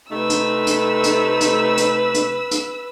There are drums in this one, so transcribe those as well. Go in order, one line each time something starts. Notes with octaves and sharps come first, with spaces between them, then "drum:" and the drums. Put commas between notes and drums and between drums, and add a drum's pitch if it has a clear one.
C3 A3 D#4 B4 E6
drum: hi-hat
drum: hi-hat
drum: hi-hat
drum: hi-hat
drum: hi-hat
drum: hi-hat
drum: hi-hat